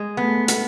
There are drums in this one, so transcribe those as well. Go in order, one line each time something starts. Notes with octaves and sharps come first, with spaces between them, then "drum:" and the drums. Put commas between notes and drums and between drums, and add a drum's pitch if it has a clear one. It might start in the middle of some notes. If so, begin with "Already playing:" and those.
Already playing: G#3
A3 B3
B3, drum: hi-hat